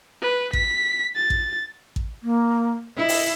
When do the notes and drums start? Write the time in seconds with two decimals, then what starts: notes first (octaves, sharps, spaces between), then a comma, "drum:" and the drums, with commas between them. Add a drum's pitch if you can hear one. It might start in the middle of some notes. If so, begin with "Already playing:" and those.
0.21 B4
0.53 B6, drum: kick A1
1.16 A6
1.30 drum: kick A1
1.96 drum: kick A1
2.23 A#3
2.97 E4 D#5
3.09 drum: open hi-hat